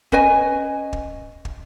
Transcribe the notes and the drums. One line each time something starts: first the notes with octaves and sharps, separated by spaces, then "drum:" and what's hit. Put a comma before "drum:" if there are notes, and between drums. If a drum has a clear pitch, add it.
C#4 B4 D#5 G#5, drum: kick
drum: kick
drum: kick